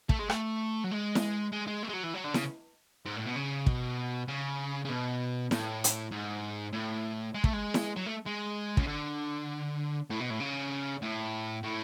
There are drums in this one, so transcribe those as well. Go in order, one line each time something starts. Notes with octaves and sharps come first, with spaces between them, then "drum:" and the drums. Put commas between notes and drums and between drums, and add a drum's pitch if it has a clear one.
A3, drum: kick
G#3
A3, drum: rim click
F#3
G#3
drum: snare E4
G#3
G#3
A3
G#3
F#3
E3
F#3
D3
C#3, drum: snare E4
G#2
A2
B2
C#3
B2, drum: kick
C#3
C#3
B2
A2, drum: snare E4
drum: hi-hat
G#2
A2
G#3
A3, drum: kick
G#3
drum: snare E4
F#3
A3
G#3
C#3, drum: kick
D3
A2
B2
A2
C#3
A2
A2